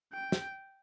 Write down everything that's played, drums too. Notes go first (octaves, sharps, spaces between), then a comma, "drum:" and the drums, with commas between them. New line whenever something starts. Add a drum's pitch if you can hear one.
G5
drum: snare